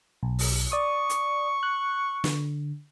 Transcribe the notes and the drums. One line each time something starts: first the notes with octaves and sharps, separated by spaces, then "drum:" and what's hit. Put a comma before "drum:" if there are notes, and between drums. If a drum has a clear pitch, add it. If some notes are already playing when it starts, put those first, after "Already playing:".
B1
drum: open hi-hat
D5 C#6 D#6
drum: hi-hat
F#6
D3, drum: snare